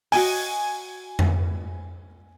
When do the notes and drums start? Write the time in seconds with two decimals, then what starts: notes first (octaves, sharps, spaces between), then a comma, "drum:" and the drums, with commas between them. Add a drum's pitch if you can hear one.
0.12 F#4 D#5 G5 G#5, drum: open hi-hat
1.19 drum: tom F2